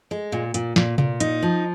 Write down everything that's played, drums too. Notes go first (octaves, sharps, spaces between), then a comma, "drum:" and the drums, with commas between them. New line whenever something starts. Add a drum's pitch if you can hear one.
G#3
A#2
A#2, drum: hi-hat
A#2, drum: snare
A#2, drum: tom C3
D#4, drum: hi-hat
F3